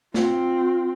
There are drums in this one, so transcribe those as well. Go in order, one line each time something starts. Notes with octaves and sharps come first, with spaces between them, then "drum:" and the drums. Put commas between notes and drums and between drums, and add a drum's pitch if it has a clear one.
C4 F4, drum: snare